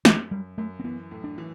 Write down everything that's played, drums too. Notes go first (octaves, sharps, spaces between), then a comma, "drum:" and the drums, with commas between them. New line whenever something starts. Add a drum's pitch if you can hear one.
F#2 E3, drum: snare
F#2 G3
F#2 A3
C4
E3 B3
A2
D4
E3